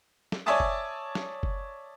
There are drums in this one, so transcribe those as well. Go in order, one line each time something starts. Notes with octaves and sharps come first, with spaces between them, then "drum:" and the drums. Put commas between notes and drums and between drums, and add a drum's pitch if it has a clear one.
drum: snare
C#5 D5 E5 G#5 A5 D#6
drum: kick F#1
drum: snare
drum: kick F#1